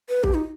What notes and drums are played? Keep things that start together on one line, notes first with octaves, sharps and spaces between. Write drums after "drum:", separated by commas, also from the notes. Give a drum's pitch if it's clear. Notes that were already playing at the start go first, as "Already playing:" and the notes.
B4
G4, drum: kick A1
D#4